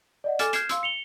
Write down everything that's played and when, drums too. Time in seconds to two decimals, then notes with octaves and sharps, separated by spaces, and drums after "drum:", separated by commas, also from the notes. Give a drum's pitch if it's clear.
0.24 D5 D#5 F#5
0.39 A4 G#5 D6 F6 A6 E7, drum: hi-hat
0.53 F6 G6 G#6 C7 E7, drum: hi-hat
0.69 F5 C6 E6, drum: hi-hat
0.83 C#7 F7 G7